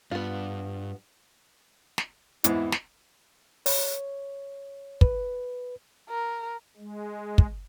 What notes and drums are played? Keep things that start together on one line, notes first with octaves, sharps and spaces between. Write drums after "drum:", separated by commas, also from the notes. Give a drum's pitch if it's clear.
G2 B3 F4
drum: snare
E2 G#2 C4 E4, drum: hi-hat
drum: snare
C#5, drum: open hi-hat
B4, drum: kick
A#4
G#3
drum: kick